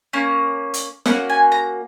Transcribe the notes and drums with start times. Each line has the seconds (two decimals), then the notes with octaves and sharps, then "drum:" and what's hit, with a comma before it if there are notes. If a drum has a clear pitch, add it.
0.13 A#3 C#4
0.74 drum: hi-hat
1.06 A#3 C#4 F#4 F#5, drum: snare
1.30 G#5
1.52 A#5